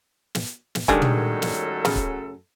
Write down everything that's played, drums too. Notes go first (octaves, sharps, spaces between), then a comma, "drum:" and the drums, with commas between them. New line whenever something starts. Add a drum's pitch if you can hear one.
drum: snare
drum: snare
F#2 A2 D3 D#3 G3 G#3 G#4 A4, drum: kick
drum: tom
drum: snare
C#3, drum: snare
drum: kick